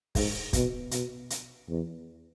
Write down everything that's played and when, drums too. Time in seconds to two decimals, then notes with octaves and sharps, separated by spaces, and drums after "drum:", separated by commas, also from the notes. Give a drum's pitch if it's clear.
0.15 G#2, drum: kick, open hi-hat
0.53 B2, drum: kick, hi-hat
0.91 B2, drum: hi-hat
1.30 drum: hi-hat
1.69 E2